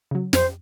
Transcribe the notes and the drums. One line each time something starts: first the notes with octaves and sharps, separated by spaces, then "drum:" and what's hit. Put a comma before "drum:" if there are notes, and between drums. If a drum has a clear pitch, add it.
C#3 F#3
F2 C5, drum: snare